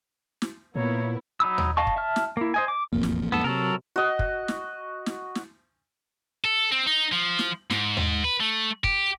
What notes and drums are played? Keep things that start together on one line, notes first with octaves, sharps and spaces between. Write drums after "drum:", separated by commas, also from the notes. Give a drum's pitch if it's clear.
drum: snare
A#2 A#3 B3 E4 A#4 C#5
F#3 D#4 B5 E6
drum: tom D#2
D#5 F5 A5 C#6
drum: kick
E5 A5 F6
drum: snare
A#3 E4
C5 D#5 G#5
D6
E1 A1 F2 A#3
drum: snare
F2 G#2 B3 A4
C3 F#3 A4 A#4
F#4 D#5
drum: kick
drum: snare
drum: snare
drum: snare
A4
C4
D#4
F3
drum: snare
G#2, drum: snare
drum: tom D#2
B4
A3
G4, drum: kick